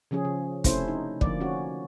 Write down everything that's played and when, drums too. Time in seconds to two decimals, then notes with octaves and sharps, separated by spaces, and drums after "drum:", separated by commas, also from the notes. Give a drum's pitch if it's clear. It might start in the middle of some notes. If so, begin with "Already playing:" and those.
0.11 C#3 F3 C#4 G#4
0.25 C#3
0.64 C3 A3 C#4 E4 C5, drum: kick, hi-hat
0.88 D#4
1.21 D3 F3 A#3 D5, drum: kick
1.41 C#4 F#4